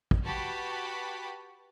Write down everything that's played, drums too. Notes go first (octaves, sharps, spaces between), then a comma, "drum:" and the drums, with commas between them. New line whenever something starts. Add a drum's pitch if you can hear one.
drum: kick
F#4 G4 B4 A5 B5 B6